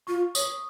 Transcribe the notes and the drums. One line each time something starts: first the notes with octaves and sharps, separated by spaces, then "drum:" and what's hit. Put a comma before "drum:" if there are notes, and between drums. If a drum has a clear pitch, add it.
F4 C#6
C#5 D#6, drum: tambourine